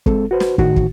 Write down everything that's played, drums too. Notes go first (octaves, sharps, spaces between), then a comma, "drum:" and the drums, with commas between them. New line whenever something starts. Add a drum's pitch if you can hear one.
G#3 C4 A4, drum: kick
F#4 B4 C5
drum: snare
A2 D#3 F#4, drum: kick
drum: kick